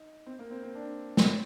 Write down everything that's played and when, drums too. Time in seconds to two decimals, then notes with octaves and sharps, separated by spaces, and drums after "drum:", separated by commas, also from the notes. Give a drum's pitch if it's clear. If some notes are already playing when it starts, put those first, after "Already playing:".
Already playing: D#4
0.26 C4
0.39 A#3
0.51 C4
0.63 C4
0.75 D4
1.17 A#3, drum: snare
1.23 C4